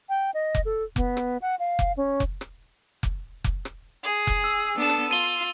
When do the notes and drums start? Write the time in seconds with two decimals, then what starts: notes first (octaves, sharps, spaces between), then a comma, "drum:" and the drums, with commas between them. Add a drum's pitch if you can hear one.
0.09 G5
0.34 D#5
0.55 drum: kick F1
0.65 A4
0.96 B3, drum: kick F1
1.17 drum: rim click
1.42 F#5
1.59 F5
1.79 drum: kick F1
1.97 C#4
2.20 drum: kick F1
2.41 drum: rim click
3.03 drum: kick F1
3.44 drum: kick F1
3.65 drum: rim click
4.05 G#4
4.27 drum: kick F1
4.44 E6
4.77 B3 D4 A4
4.89 drum: rim click
5.11 F4 D#7 G7